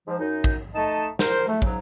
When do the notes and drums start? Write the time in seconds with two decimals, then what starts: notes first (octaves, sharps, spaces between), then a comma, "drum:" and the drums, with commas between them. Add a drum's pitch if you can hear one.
0.07 G#2 F3
0.18 F#2 D#4
0.44 drum: kick
0.74 A3 D#4 D#5 A5
1.19 A#4 C5, drum: snare
1.47 A3
1.62 G#2 C#3 F#3, drum: kick